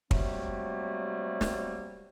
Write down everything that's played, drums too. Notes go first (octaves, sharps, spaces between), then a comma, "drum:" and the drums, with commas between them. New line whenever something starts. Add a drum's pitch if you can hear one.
C3 F#3 G3 A3 A#3 C4, drum: kick
drum: snare